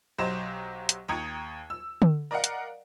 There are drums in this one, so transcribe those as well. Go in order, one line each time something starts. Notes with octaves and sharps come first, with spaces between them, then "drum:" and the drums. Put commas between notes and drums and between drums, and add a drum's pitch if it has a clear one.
B1 F#3 G4 C5 D#5 E7
drum: hi-hat
D#2 G5 A#5 D#6 G#6 C#7
E6
drum: tom D3
A#4 D5 D#5 F5 F#5
drum: hi-hat